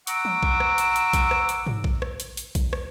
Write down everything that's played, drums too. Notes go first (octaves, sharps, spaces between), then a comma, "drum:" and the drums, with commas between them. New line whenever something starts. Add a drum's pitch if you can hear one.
F#5 A#5 C#6 D6 E6, drum: hi-hat
drum: tom E3
drum: kick A#1
drum: rim click
drum: hi-hat
drum: hi-hat
drum: kick A#1, hi-hat
drum: rim click
drum: hi-hat
drum: tom G#2
drum: kick A#1
drum: rim click
drum: hi-hat
drum: hi-hat
drum: kick A#1, hi-hat
drum: rim click